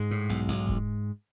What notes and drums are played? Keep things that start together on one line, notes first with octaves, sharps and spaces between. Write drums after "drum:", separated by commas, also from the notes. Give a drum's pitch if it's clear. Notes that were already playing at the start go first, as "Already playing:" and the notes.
Already playing: G#2 G#3
A2
B1
B1
drum: kick E1